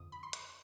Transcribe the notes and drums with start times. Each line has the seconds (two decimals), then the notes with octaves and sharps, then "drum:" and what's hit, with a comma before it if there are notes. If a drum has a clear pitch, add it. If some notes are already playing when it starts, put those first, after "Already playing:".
Already playing: F2 D3 D#6
0.12 B5
0.23 C6
0.33 C#6, drum: hi-hat